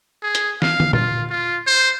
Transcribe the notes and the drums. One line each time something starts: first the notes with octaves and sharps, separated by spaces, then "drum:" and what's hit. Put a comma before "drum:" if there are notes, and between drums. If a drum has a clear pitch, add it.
G#4
drum: hi-hat
F5, drum: snare
drum: tom
F4, drum: tom A#2
F4
C5